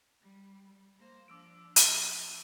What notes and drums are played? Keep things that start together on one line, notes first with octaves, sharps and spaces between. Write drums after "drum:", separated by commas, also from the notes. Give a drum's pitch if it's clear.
G3
A#3 C5
F3 D4 D6 E6 D7
D7 F7, drum: hi-hat